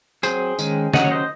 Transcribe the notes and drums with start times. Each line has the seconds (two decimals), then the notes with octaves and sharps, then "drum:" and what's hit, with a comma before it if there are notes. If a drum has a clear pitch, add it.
0.23 F#3 C4 G#4 C5, drum: tambourine
0.59 D#3 G#3 C#4, drum: tambourine
0.94 D#3 F#3 C#4 D#5 F#5, drum: snare
1.04 C#5
1.11 C5 D#5